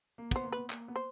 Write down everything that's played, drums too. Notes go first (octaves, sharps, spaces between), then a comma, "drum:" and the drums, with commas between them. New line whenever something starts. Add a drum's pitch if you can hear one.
A#3
B3 C5, drum: kick
A#3
B3 B4
A#3, drum: clap
B3
C5